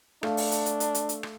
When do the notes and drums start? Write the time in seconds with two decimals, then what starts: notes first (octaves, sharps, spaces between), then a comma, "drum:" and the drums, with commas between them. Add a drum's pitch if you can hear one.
0.23 A3 D4 F5, drum: rim click
0.37 drum: open hi-hat
0.52 drum: hi-hat
0.66 drum: hi-hat
0.80 drum: hi-hat
0.95 drum: hi-hat
1.09 drum: hi-hat
1.23 drum: rim click